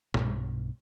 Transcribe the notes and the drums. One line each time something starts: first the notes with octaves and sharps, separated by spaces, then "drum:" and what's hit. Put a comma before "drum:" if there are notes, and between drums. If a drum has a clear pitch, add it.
B1 G2 B2, drum: tom A#2